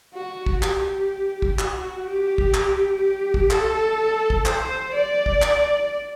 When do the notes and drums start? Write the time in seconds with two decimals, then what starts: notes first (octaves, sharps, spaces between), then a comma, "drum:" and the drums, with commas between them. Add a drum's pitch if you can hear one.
0.14 F#4
0.46 drum: kick
0.63 G4, drum: clap
1.42 drum: kick
1.59 F#4, drum: clap
2.06 G4
2.38 drum: kick
2.54 drum: clap
3.02 G4
3.34 drum: kick
3.51 A4, drum: clap
4.30 drum: kick
4.46 C5, drum: clap
4.94 D5
5.26 drum: kick
5.42 drum: clap